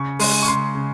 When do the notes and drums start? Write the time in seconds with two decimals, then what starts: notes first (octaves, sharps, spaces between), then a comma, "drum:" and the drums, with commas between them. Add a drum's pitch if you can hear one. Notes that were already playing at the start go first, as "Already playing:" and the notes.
Already playing: C#3 C#6
0.19 G#3 C6, drum: open hi-hat
0.43 C#6
0.48 C#3 C6
0.75 C#3